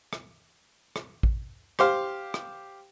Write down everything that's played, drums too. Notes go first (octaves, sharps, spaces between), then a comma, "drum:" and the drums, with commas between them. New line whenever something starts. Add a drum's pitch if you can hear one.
drum: rim click
drum: rim click
drum: kick A1
G4 C5 F5, drum: rim click
drum: rim click